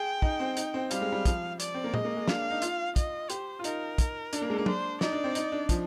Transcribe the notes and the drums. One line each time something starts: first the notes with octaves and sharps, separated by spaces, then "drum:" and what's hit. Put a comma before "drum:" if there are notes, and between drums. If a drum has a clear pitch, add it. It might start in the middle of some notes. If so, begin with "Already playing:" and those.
Already playing: G#4 G5
D#4, drum: kick
C4
D#4, drum: hi-hat
C4
G3 F5, drum: hi-hat
G#3
G3
F3, drum: kick, hi-hat
D5, drum: hi-hat
C4
A#3
G#3 D#5, drum: tom
A#3
G#3
D4 F5, drum: snare
D#4
F4, drum: hi-hat
D#5, drum: kick, hi-hat
G4 C5, drum: hi-hat
F4
D#4 A#4, drum: hi-hat
drum: kick, hi-hat
D4, drum: hi-hat
A#3
G#3
A#3
D4 C5, drum: tom F#3
D#4 D5, drum: snare
D4
C4
D#4, drum: hi-hat
D4
F3, drum: kick, hi-hat